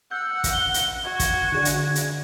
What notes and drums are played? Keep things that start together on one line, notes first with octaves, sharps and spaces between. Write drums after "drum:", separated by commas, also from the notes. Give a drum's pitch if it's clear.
F#5 E6 G6
drum: kick, hi-hat
G7
drum: hi-hat
F#4 G#6
drum: kick, hi-hat
D3 G#4 D5
drum: hi-hat
drum: hi-hat